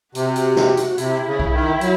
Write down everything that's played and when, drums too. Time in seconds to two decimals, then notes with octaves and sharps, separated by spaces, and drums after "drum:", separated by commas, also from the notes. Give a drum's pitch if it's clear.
0.15 C3 F#4, drum: hi-hat
0.36 drum: hi-hat
0.56 drum: snare
0.77 drum: hi-hat
0.98 C3 E4, drum: hi-hat
1.26 C#3
1.40 drum: kick B1
1.53 D#3
1.81 F#3, drum: hi-hat